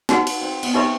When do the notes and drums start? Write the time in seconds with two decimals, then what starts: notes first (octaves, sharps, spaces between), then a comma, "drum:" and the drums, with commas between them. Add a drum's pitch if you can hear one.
0.09 D#4 F#4 B4 F#5, drum: snare
0.27 drum: cymbal
0.41 C4
0.63 B3, drum: cymbal
0.74 C4 D#4 G4 B4 E5 B5